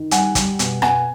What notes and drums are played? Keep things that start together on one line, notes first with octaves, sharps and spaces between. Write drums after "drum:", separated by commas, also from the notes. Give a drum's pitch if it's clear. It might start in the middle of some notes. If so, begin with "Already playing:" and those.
Already playing: D#3
G3 F#5 G#5, drum: hi-hat
G3, drum: kick, hi-hat
B2, drum: hi-hat
B2 F#5 G#5, drum: rim click